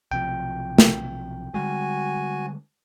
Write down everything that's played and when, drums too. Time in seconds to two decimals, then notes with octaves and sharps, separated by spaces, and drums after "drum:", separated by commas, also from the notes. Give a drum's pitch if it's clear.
0.11 B1 C3 F3 G5
0.78 drum: snare
1.54 D3 G3 G#3 F#4 G#5